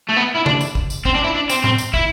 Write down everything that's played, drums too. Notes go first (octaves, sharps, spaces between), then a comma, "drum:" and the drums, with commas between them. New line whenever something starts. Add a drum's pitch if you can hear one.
A3
B3
E4
D4, drum: tom C#3
drum: tambourine
drum: kick
drum: tambourine
C4, drum: kick
D4
E4
D4
C4, drum: tambourine
C4, drum: tom A2
drum: tambourine
E4, drum: kick